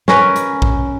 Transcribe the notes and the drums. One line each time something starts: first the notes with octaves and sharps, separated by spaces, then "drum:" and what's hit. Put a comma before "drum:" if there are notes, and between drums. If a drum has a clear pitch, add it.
C#4 A#4 B4, drum: snare
drum: hi-hat
drum: kick A#1